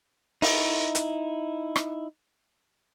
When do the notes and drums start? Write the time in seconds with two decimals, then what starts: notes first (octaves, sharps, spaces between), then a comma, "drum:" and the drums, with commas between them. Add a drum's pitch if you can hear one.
0.42 D#4 E4, drum: open hi-hat
0.95 drum: hi-hat
1.76 drum: rim click